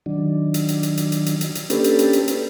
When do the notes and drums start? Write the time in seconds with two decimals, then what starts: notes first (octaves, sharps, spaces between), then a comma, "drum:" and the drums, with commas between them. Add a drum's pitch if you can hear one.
0.06 D#3 F#3 D4
0.54 drum: hi-hat
0.69 drum: hi-hat
0.83 drum: hi-hat
0.97 drum: hi-hat
1.12 drum: hi-hat
1.26 drum: hi-hat
1.41 drum: hi-hat
1.55 drum: hi-hat
1.70 A#3 C#4 D4 G4 A4 B4, drum: hi-hat
1.84 drum: hi-hat
1.99 drum: hi-hat
2.13 drum: hi-hat
2.28 drum: hi-hat